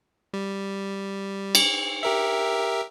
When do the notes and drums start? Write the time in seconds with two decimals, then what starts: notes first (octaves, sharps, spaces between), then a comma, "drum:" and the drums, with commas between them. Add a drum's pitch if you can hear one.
0.34 G3
1.55 drum: cymbal
2.03 G4 A#4 E5